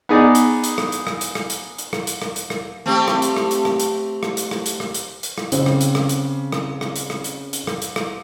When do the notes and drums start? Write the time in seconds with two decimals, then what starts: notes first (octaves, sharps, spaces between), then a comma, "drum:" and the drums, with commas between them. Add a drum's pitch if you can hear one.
0.09 B3 D#4 G#4 D5 D#5
0.35 drum: hi-hat
0.64 drum: hi-hat
0.78 drum: rim click
0.92 drum: hi-hat
1.07 drum: rim click
1.21 drum: hi-hat
1.35 drum: rim click
1.50 drum: hi-hat
1.78 drum: hi-hat
1.93 drum: rim click
2.07 drum: hi-hat
2.22 drum: rim click
2.36 drum: hi-hat
2.50 drum: rim click
2.86 A3 C4 G4
3.08 drum: rim click
3.22 drum: hi-hat
3.36 drum: rim click
3.51 drum: hi-hat
3.65 drum: rim click
3.80 drum: hi-hat
4.23 drum: rim click
4.37 drum: hi-hat
4.51 drum: rim click
4.66 drum: hi-hat
4.80 drum: rim click
4.94 drum: hi-hat
5.23 drum: hi-hat
5.38 drum: rim click
5.52 C#3 C4 C5, drum: hi-hat
5.66 drum: rim click
5.81 drum: hi-hat
5.95 drum: rim click
6.09 drum: hi-hat
6.52 drum: rim click
6.81 drum: rim click
6.96 drum: hi-hat
7.10 drum: rim click
7.24 drum: hi-hat
7.53 drum: hi-hat
7.67 drum: rim click
7.82 drum: hi-hat
7.96 drum: rim click